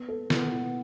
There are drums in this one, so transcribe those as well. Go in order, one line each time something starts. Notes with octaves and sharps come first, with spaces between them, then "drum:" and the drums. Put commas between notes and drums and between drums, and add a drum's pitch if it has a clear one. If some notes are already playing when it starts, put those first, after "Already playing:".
Already playing: B3
A4
B2 B3, drum: snare
E4